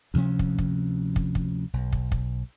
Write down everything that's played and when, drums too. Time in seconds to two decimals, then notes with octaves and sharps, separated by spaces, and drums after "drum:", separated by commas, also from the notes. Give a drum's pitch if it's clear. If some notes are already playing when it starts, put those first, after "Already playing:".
0.14 D2 C3 F3 C#4
0.39 drum: kick
0.59 drum: kick
1.16 drum: kick
1.35 drum: kick
1.73 B1
1.93 drum: kick
2.12 drum: kick